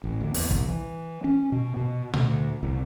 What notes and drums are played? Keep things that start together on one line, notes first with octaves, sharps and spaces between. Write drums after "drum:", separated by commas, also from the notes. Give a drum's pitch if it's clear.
A1
D2
E2, drum: open hi-hat
C2, drum: kick
E3
C#4
B2
B2
D2, drum: tom A#2
C2